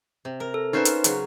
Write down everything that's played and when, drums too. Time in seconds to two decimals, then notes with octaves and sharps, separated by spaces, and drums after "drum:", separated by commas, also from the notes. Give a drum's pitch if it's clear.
0.25 C3
0.40 A#4
0.54 A4
0.73 C#4 D#4 F4 B4 C5
0.85 drum: hi-hat
1.04 C#3 F#3, drum: hi-hat